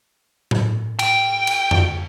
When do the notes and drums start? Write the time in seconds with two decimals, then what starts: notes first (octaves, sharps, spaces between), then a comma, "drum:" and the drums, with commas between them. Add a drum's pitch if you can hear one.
0.51 drum: tom A2
0.99 G5, drum: cymbal
1.47 drum: cymbal
1.71 drum: tom F2